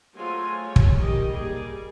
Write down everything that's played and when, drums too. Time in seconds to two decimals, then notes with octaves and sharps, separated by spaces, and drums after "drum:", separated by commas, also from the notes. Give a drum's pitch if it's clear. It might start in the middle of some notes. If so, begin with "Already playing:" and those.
0.16 F#3 G#3 A3 F4 C5 G#5
0.66 G3 C#5
0.76 drum: kick
0.99 D#3 G3 G4 D#5
1.29 G3 A#3 G#4